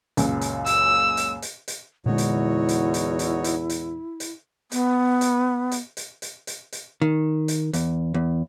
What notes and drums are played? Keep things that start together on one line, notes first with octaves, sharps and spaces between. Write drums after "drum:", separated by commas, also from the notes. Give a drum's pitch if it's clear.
C#2 F#2 A#2, drum: hi-hat
drum: hi-hat
E6, drum: hi-hat
drum: hi-hat
drum: hi-hat
drum: hi-hat
E2 A#2 D3 G#3 D#4 E4 F#4 C#5
drum: hi-hat
drum: hi-hat
drum: hi-hat
drum: hi-hat
drum: hi-hat
drum: hi-hat
drum: hi-hat
B3, drum: hi-hat
drum: hi-hat
drum: hi-hat
drum: hi-hat
drum: hi-hat
drum: hi-hat
drum: hi-hat
D#3
drum: hi-hat
E2, drum: hi-hat
E2